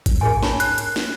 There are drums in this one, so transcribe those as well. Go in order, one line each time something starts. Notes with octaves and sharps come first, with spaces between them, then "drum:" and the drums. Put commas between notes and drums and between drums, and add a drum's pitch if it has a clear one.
drum: kick G#1, hi-hat
G#4 A#4 G#5, drum: tom G#2
C#5 A5 B5, drum: snare
F#6, drum: hi-hat
drum: hi-hat
drum: snare